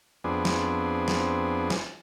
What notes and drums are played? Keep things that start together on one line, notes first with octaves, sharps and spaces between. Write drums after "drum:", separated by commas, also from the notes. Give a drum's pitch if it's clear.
F2 B3 C4 D4 G#4
drum: snare
drum: snare
drum: snare